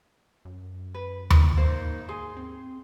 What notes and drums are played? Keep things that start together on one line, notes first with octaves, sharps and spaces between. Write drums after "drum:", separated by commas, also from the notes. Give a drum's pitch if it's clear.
F#2
B4
drum: tom D#2
G#2 A#3 D#4 C5
G#4 G#5 C6
C4